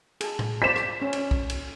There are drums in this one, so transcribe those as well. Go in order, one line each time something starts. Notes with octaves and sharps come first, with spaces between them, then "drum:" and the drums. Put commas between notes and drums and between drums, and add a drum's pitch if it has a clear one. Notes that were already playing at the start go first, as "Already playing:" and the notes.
G#4 A5, drum: cymbal
drum: tom A2
F4 C5 D5 B6 E7
drum: rim click
C#4
drum: cymbal
drum: kick
drum: cymbal